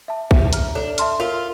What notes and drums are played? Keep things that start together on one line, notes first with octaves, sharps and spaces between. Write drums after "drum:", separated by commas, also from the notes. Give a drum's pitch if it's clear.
E5 A5
E5, drum: kick
A#5 F6, drum: hi-hat
D4 A4
E5 A5 C6 F6, drum: hi-hat
F4 A#4